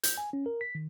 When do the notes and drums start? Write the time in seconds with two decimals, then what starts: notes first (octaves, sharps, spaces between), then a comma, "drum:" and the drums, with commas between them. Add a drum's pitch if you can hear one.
0.03 G6, drum: hi-hat
0.18 G#5
0.33 C#4
0.46 A#4
0.61 B6
0.75 D#3